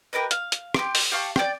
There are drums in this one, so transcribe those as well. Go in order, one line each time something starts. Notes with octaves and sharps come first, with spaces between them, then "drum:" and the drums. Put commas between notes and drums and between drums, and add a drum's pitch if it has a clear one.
G4 A#4 B4 D#5
F5, drum: hi-hat
drum: hi-hat
G4 C6 D6, drum: rim click
drum: open hi-hat
G4 F5 A5 C#6
D5 G5, drum: rim click